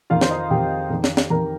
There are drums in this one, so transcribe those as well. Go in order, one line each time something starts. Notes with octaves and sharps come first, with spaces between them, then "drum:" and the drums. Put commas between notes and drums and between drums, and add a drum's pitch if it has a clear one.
F2 D#3 F4 F5
C5, drum: snare
D#4 D#5
F2 D#3 G4 G5
F2 D#3
drum: snare
drum: snare
F2 D#3 A#4 A#5